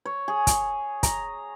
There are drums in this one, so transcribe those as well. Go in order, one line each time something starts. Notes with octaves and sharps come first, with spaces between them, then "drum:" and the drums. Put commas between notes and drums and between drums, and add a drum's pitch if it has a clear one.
C#5
G#4
drum: kick, hi-hat
A#5, drum: kick, hi-hat